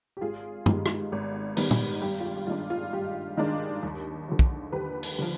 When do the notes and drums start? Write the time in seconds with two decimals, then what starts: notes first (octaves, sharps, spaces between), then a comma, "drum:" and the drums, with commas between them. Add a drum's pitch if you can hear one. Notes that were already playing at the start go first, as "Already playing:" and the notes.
0.17 G4
0.21 G#1 F4 G#4
0.66 G#2 D#3 G3 B3, drum: tom
0.86 drum: rim click
1.12 G#1
1.57 G#2 D#3 G3 B3, drum: open hi-hat
1.71 drum: tom
2.02 G2 G4
2.20 F4
2.25 G4
2.37 G4
2.47 D#3 G#3 D4 F4
2.70 F4
2.93 G2 G4
3.37 D#3 G#3 D4
3.83 D#2
4.28 D3 F3
4.39 drum: kick
4.72 D#2 G4 B4
5.03 drum: open hi-hat
5.19 D3 F3